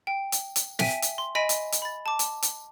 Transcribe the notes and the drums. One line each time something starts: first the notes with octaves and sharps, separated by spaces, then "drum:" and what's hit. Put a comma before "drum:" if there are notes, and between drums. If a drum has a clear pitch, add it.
G5
drum: hi-hat
drum: hi-hat
E5 G5 G#5 B6 D#7, drum: snare
drum: hi-hat
C6
D#5 G#5 B5 B6 D7 D#7
drum: hi-hat
drum: hi-hat
B5 A6
A5 D6
drum: hi-hat
drum: hi-hat